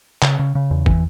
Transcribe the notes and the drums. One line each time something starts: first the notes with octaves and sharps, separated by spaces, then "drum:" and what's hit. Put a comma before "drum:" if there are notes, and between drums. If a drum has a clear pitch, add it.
C#3, drum: clap
C#3
C#3
E2
E3, drum: kick